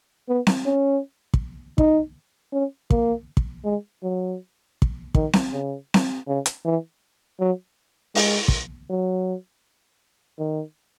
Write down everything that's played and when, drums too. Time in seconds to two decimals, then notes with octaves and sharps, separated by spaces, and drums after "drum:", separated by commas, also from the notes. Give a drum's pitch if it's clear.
0.29 B3
0.47 drum: snare C4
0.65 C#4
1.34 drum: kick
1.78 D#4, drum: kick
2.53 C#4
2.90 A#3, drum: kick
3.37 drum: kick
3.65 G#3
4.03 F#3
4.82 drum: kick
5.15 D#3, drum: kick
5.33 drum: snare C4
5.53 C#3
5.94 drum: snare C4
6.28 C#3
6.46 drum: hi-hat
6.65 E3
7.40 F#3
8.15 G#3, drum: open hi-hat
8.48 drum: kick
8.90 F#3
10.39 D#3